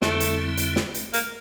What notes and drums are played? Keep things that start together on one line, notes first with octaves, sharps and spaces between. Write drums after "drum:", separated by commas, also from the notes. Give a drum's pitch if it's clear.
F2 D3 G3 A3 C4 E4, drum: snare
drum: hi-hat
drum: hi-hat
drum: snare
drum: hi-hat
A#3, drum: hi-hat